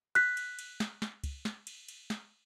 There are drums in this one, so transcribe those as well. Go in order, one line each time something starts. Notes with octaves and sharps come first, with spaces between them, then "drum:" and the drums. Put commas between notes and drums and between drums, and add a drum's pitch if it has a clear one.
F#6 B6, drum: cymbal
drum: cymbal
drum: cymbal
drum: snare
drum: snare
drum: kick, cymbal
drum: snare
drum: cymbal
drum: cymbal
drum: snare